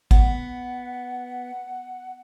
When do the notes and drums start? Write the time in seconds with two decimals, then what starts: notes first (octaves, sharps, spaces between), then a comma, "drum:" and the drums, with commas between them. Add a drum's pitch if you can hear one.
0.11 B3 F#5, drum: kick G#1